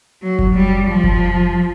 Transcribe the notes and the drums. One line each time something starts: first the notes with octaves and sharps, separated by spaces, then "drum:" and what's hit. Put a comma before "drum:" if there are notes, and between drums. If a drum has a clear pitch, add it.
F#3
drum: kick F#1
G3
F3
drum: kick F#1